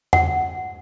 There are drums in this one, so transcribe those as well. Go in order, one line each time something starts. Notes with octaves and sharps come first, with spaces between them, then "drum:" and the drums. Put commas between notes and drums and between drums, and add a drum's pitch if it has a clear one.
F#5, drum: tom E2